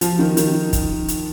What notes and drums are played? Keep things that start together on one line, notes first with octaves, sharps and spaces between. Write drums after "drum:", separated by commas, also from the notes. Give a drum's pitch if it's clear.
F3, drum: hi-hat
D#3
D#3, drum: hi-hat
drum: kick, hi-hat
drum: hi-hat